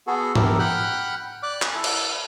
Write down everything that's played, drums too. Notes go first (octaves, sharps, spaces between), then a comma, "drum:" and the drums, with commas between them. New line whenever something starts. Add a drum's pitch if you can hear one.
B3 F#4 G#4 A4
E4 G4 A4 A#4, drum: tom G#2
F#5 G5 B5 F6 F#6
D5 D6 F#6
drum: clap
E4 A4
drum: cymbal